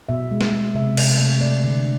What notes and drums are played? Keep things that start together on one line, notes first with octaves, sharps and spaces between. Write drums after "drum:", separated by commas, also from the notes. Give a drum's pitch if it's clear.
B2 E5
G#3
drum: snare
G#3
C3 E5
C3, drum: cymbal
A3
A3 D5
D3